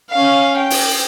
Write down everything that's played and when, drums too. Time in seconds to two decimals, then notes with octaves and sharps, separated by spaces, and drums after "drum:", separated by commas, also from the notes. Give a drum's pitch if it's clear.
0.11 C#4 F5
0.57 G5
0.70 drum: open hi-hat